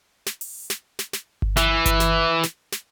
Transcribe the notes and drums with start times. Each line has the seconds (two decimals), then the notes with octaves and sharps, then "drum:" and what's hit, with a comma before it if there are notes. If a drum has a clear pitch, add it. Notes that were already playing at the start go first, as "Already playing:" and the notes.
0.26 drum: snare
0.41 drum: open hi-hat
0.70 drum: snare
0.99 drum: snare
1.13 drum: snare
1.42 drum: kick G1
1.57 E3, drum: snare
1.86 drum: kick G1, hi-hat
2.00 drum: snare
2.43 drum: snare
2.72 drum: snare